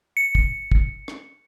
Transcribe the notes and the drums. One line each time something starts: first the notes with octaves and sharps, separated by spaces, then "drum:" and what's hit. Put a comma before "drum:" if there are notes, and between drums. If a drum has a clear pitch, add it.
C#7
drum: kick
drum: kick
drum: rim click